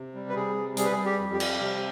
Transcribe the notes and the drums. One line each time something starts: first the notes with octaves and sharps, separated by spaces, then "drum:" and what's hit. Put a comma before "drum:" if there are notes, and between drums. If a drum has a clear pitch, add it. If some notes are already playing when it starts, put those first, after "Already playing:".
Already playing: C3
G3
B4
C3 G#4
G3
G3 G#4, drum: hi-hat
B4
G#4
G3
G4
F2
G4
G3, drum: cymbal
C3